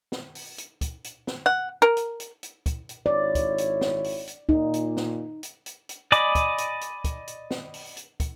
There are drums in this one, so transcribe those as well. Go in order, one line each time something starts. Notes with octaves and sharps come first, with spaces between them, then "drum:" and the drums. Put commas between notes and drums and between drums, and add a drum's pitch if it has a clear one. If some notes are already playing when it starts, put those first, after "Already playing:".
drum: snare
drum: open hi-hat
drum: hi-hat
drum: kick, hi-hat
drum: hi-hat
drum: snare
F#5
A#4
drum: hi-hat
drum: hi-hat
drum: hi-hat
drum: kick, hi-hat
drum: hi-hat
G#1 E4 C#5 D5
drum: kick, hi-hat
drum: hi-hat
drum: snare
drum: open hi-hat
drum: hi-hat
A#2 D#4, drum: kick
drum: hi-hat
drum: snare
drum: hi-hat
drum: hi-hat
drum: hi-hat
D5 D#5 G#5 B5 D6, drum: hi-hat
drum: kick, hi-hat
drum: hi-hat
drum: hi-hat
drum: kick, hi-hat
drum: hi-hat
drum: snare
drum: open hi-hat
drum: hi-hat
drum: kick, hi-hat